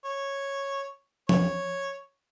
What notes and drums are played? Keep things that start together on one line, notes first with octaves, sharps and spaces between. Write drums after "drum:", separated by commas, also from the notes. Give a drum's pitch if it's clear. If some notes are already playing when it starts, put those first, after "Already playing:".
C#5
C#5, drum: tom F3